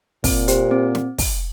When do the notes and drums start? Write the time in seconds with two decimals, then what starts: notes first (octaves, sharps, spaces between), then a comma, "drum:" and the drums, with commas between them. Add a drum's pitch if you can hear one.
0.24 A#2 C4, drum: kick, open hi-hat
0.48 G4 C5, drum: hi-hat
0.71 C4
0.95 drum: snare
1.18 drum: kick, open hi-hat